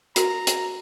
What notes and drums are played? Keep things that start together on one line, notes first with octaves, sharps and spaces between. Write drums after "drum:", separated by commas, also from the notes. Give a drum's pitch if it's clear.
F#4 A#4 A#5, drum: hi-hat
drum: hi-hat